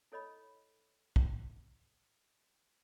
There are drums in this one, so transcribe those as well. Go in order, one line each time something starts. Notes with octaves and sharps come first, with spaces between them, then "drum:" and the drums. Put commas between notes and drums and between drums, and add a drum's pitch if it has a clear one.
E4 A4 C#5 D#5 B5
drum: kick